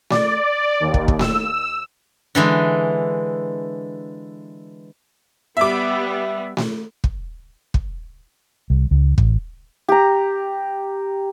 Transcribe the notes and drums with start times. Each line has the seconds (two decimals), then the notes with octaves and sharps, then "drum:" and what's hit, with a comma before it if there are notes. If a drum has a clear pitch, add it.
0.10 D5, drum: snare A3
0.80 D#2
0.94 drum: kick
1.08 drum: kick
1.19 E6, drum: snare A3
2.35 D3 E3 G#3
5.57 G3 B3 E5 D6
6.57 drum: snare A3
7.04 drum: kick
7.74 drum: kick
8.70 C2
8.91 C#2
9.18 A1, drum: kick
9.89 G4 A#5